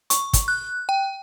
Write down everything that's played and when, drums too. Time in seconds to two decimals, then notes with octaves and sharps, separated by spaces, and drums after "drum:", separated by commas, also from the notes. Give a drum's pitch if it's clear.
0.10 C#6, drum: hi-hat
0.33 drum: kick, hi-hat
0.48 F#6
0.89 G5